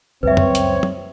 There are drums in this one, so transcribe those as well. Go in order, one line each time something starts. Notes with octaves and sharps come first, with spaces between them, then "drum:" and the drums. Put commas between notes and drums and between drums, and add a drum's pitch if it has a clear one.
C#2 F#2 G3 C4 B4 C#5 E5
drum: tom F2
drum: hi-hat
drum: tom